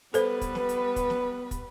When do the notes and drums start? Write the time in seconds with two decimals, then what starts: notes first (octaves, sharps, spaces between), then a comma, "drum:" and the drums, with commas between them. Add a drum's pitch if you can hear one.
0.14 G3 B3 A4 B4 C5, drum: hi-hat
0.41 drum: kick, hi-hat
0.55 drum: snare
0.69 drum: hi-hat
0.96 drum: kick, hi-hat
1.10 drum: snare
1.51 drum: kick, hi-hat